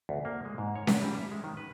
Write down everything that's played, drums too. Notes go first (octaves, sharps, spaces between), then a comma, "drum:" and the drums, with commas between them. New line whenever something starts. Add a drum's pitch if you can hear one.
D2
A#3
G#3
G#2
C#5
D4, drum: snare C#4
G3
E5
G#3
D#3
B4